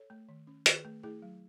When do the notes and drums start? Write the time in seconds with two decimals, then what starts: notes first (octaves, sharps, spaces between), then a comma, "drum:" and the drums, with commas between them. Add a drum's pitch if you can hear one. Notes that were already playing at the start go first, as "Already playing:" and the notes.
Already playing: A4 C#5
0.10 A3
0.29 D#3
0.47 C#4
0.66 D#3 G#4 B4, drum: hi-hat
0.85 A3
1.03 A3 E4 G#4
1.22 F#3